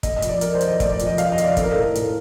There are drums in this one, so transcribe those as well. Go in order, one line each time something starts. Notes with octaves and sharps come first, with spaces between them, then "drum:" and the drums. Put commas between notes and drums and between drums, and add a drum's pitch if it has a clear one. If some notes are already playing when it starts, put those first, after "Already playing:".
A3 D#5, drum: kick, hi-hat
D#5
F2, drum: hi-hat
D5
F2 A#4, drum: hi-hat
C5
D#3, drum: hi-hat
D#5
A3 D5, drum: kick, hi-hat
D5
F2, drum: hi-hat
D#5
F2 F5, drum: hi-hat
D#5
D#3, drum: hi-hat
D5
C4 A4, drum: kick, hi-hat
A#4
A2 A4
A2, drum: hi-hat